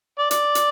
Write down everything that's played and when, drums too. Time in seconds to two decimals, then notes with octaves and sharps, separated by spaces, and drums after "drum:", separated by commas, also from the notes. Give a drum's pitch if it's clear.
0.18 D5
0.31 D5, drum: hi-hat
0.55 drum: hi-hat